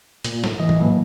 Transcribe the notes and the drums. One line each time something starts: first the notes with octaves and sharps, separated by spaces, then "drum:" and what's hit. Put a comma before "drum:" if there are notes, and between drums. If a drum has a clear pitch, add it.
A#2, drum: hi-hat
A2, drum: snare
E3 D#5
drum: tom G#2
A2 F#3 A#3